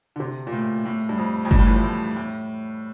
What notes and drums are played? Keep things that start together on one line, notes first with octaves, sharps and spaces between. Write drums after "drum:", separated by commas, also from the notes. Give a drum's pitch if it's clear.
D3
C3
A#2
A2
A2
G2
F2
F2
G2, drum: kick G1
A2
E3
F3
A2
A2